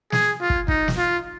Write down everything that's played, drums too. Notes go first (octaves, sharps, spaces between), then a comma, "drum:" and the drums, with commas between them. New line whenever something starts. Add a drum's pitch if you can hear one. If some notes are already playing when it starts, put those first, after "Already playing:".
G#4, drum: snare
F4
drum: kick
D#4, drum: kick
drum: snare
F4